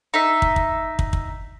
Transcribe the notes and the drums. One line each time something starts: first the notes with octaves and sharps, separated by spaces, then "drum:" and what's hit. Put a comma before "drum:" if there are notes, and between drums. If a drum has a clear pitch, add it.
D#4 E5
drum: kick
drum: kick
drum: kick
drum: kick